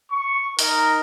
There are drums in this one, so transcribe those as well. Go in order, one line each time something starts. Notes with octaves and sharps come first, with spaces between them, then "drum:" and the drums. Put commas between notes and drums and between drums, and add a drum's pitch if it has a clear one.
C#6
D#4 A#4 D#5, drum: open hi-hat